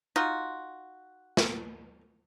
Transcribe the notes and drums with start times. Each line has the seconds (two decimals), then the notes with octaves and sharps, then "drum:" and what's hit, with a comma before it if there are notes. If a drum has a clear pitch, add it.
0.16 D#4 F4 F#4
1.37 drum: snare